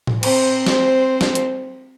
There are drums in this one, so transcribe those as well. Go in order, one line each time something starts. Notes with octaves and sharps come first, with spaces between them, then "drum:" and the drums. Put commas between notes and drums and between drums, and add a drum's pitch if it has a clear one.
drum: tom A2
C4 C5, drum: cymbal
drum: snare
drum: snare
drum: hi-hat